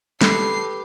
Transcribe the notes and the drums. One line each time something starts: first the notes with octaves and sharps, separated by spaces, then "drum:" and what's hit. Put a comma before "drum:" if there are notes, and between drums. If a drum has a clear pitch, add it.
G4 A4 B4 C7, drum: snare